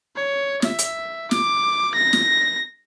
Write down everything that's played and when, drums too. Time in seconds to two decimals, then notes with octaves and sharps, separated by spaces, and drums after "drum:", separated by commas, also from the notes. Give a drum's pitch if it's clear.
0.16 C#5
0.62 E5, drum: snare
0.79 drum: hi-hat
1.31 D6, drum: snare
1.95 A#6
2.13 drum: snare